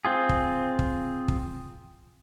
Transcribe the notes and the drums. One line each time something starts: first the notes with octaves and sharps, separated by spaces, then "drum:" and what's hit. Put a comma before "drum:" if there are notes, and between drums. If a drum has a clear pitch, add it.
C4 F4 G#4
drum: kick
drum: kick
drum: kick